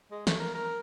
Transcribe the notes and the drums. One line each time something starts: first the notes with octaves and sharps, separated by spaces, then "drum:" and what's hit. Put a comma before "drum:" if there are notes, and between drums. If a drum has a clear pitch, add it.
G#3
A3, drum: snare
A#4
A#4